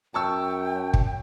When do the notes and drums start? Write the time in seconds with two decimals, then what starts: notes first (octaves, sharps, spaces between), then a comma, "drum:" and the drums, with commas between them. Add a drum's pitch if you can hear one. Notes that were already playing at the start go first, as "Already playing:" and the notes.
0.14 F#2 G5 A5 C#6 E6
0.94 drum: kick